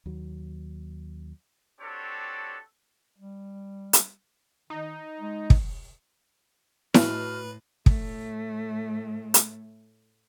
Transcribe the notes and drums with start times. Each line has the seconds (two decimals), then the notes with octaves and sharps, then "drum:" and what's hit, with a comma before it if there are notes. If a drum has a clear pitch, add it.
0.06 D#2 F#3
1.80 C4 D4 F#4 G4 A4 C#5
3.18 G3
3.93 drum: hi-hat
4.70 D#3 D#4
5.20 G#3
5.50 drum: kick
6.94 A2 F#4 B4 F6, drum: snare E4
7.86 A2 A3, drum: kick
9.34 drum: hi-hat